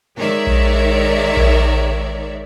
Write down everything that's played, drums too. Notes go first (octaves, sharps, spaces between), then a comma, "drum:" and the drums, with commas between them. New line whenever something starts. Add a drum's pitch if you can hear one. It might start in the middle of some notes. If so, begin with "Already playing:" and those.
D#3 G#3 A#4 C#5 D5 E5
drum: kick A#1
drum: kick A#1